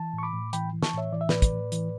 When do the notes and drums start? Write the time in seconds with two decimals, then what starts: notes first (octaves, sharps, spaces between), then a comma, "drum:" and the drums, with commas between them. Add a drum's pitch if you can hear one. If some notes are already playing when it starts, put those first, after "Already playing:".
Already playing: E3 A5
0.13 A2
0.18 C#6
0.23 B5 D6
0.33 A2
0.53 E3 G5 B5, drum: hi-hat
0.73 E3
0.83 A5 C#6, drum: snare
0.93 A2 C#5 E5
1.12 E3 D5
1.21 E5
1.29 A2 B4 D5, drum: snare
1.42 drum: kick, hi-hat
1.52 A2
1.72 E3, drum: hi-hat